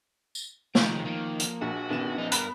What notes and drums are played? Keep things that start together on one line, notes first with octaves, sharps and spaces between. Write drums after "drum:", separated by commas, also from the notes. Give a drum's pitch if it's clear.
drum: tambourine
C3 D#3 F3 G#3, drum: snare
D#3 A#3
drum: hi-hat
A#1 F#4
A#1 F#2 D3 D#3 B3 E7
F3 D4 D#4
G2 A#4 F5 B5 F#6, drum: hi-hat